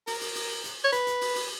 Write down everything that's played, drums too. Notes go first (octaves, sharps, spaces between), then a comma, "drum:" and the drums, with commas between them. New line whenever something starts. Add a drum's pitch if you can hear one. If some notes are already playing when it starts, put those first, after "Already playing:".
A#4, drum: open hi-hat
drum: open hi-hat
drum: open hi-hat
drum: hi-hat
C#5
B4, drum: hi-hat
drum: hi-hat
drum: open hi-hat
drum: open hi-hat